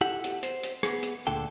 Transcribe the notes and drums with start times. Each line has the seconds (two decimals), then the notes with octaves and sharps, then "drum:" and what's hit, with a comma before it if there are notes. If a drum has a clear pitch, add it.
0.01 E4 G4 A4 F#5
0.24 drum: hi-hat
0.43 C5, drum: hi-hat
0.63 drum: hi-hat
0.83 B3 G#4, drum: rim click
1.03 drum: hi-hat
1.27 D2 A#2 D3 A4 G5